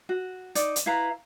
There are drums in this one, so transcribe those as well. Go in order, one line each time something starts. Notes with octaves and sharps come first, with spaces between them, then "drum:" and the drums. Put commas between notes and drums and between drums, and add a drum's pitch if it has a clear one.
F#4
D#4 D5, drum: hi-hat
drum: hi-hat
E4 B4 F5 A#5